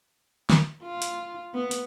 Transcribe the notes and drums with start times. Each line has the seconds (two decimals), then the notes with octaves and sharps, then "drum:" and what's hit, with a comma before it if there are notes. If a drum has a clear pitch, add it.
0.50 drum: snare
0.83 F4
1.02 drum: hi-hat
1.54 B3
1.71 drum: hi-hat